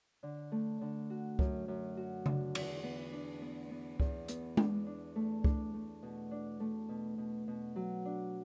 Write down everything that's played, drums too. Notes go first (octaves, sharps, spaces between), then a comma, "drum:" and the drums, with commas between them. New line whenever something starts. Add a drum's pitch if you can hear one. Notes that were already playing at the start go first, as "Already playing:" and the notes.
D3
A3
D3
F#4
F#2, drum: kick C#2
F#2
F#4
D3, drum: tom C#3
E2, drum: cymbal
B3
D4
B3
B3
E2, drum: kick C#2
B3, drum: hi-hat
D4, drum: tom G#3
D4
A3
D4, drum: kick C#2
A3
B2
D4
A3
B2
B2
B2
F#3
D4